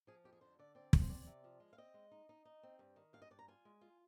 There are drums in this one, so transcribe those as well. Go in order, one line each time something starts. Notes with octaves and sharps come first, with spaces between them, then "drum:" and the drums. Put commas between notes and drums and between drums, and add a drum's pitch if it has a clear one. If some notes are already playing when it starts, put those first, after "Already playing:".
F3 G#4
F2 G4
G#4
D3 C5
D3 D5
C4 D5
C3, drum: kick
C5
C4 D5
C3
F3
G#3
F5
C4 D#5
G#3
D#4
D#4
D#4
C4
G2
D#3
G2 F5
D#5
G2 D5
A#5
F4 G#5
G#3
F4